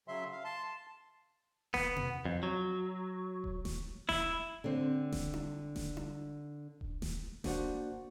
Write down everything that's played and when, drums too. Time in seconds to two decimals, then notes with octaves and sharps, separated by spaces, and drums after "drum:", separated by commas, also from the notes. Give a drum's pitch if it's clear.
0.08 C#3 F#3 E5 C6
0.32 F5
0.44 A5 C6
0.65 A5
1.74 B3, drum: snare D#1
1.96 drum: tom
2.25 F2
2.43 F#3
3.44 drum: kick D#1
3.65 drum: snare D#1
4.09 E4, drum: snare D#1
4.64 D3 C4
5.12 drum: snare D#1
5.33 drum: tom D4
5.76 drum: snare D#1
5.97 drum: tom D4
6.81 drum: kick D#1
7.02 drum: snare D#1
7.44 A#3 D4 F#4 C5 D5 F#5, drum: snare D#1